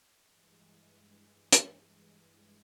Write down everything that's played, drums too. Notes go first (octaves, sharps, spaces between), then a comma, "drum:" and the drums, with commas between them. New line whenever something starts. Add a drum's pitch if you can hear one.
G2 E3 G#3
drum: hi-hat